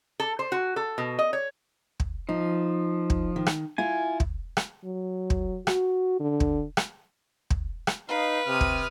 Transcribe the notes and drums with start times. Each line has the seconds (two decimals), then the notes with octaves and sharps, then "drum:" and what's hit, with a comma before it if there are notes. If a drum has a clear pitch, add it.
0.20 A4
0.39 C5
0.52 F#4
0.76 A4
0.98 B2
1.19 D#5
1.33 C#5
2.00 drum: kick
2.29 F3 D#4
3.10 drum: kick
3.36 D#3
3.46 drum: rim click
3.78 E4 F4 G#5
4.20 drum: kick
4.57 drum: rim click
4.85 F#3
5.30 drum: kick
5.67 F#4, drum: rim click
6.20 D3
6.40 drum: kick
6.77 drum: rim click
7.50 drum: kick
7.87 drum: rim click
8.09 D#4 B4 F5
8.47 C3 D#6 F6
8.61 drum: kick